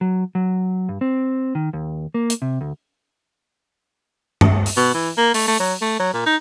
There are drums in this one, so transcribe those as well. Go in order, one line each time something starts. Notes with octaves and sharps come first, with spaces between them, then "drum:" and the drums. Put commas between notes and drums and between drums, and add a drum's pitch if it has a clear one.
F#3
F#3
G2
C4
D#3
D#2
A#3
drum: hi-hat
C3
D2
drum: tom G2
drum: open hi-hat
B2
E3
A#3
A3, drum: open hi-hat
A3
F#3
A3
F#3
A#2
D#4